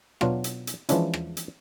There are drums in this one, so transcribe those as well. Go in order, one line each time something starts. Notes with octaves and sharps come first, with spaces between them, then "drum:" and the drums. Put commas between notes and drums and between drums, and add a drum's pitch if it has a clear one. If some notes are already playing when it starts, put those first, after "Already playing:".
B2 F#3 D4 F4 F#4, drum: rim click
drum: hi-hat
drum: hi-hat
E3 F3 G#3 C#4 D4 E4, drum: hi-hat
drum: rim click
drum: hi-hat